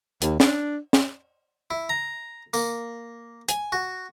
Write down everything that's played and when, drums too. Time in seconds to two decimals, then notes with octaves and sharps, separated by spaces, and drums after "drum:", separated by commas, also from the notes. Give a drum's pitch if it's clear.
0.22 D#2, drum: hi-hat
0.40 D4, drum: snare
0.93 drum: snare
1.71 E4
1.89 A#5
2.53 A#3, drum: tambourine
3.49 G#5, drum: hi-hat
3.72 F#4